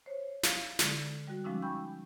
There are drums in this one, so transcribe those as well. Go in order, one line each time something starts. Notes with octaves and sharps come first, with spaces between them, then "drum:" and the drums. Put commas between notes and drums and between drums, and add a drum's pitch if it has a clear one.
C5 C#5
F5, drum: snare
D3 G#3 A4, drum: snare
G3 F#4
F3 G#3 C#4 D#4 D6 E6
G5 G#5 B5 C#6 E6 G6